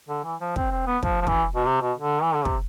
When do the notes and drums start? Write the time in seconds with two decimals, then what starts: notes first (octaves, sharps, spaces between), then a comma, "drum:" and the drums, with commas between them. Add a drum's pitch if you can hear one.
0.09 D3
0.24 E3
0.40 F3
0.56 C4, drum: kick
0.71 C4
0.87 B3
1.03 F3, drum: kick
1.21 F3
1.27 E3, drum: kick
1.56 B2
1.66 C3
1.81 B2
1.98 D3
2.22 E3
2.34 D3
2.45 C3, drum: kick